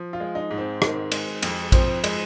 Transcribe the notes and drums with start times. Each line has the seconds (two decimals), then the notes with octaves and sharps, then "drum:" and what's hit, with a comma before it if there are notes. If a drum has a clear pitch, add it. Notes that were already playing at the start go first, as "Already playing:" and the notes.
Already playing: F3
0.13 F4
0.20 G#3
0.35 D#4
0.51 G#2
0.58 C4
0.82 D#3, drum: rim click
1.12 G#3, drum: cymbal
1.42 F2, drum: cymbal
1.72 F3 C4, drum: kick A#1, cymbal
2.04 G#3, drum: cymbal